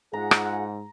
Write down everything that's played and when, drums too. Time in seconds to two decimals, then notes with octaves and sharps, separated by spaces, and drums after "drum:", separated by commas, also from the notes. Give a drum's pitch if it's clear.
0.13 G#2 F4 G#4 F#5 A#5
0.31 drum: rim click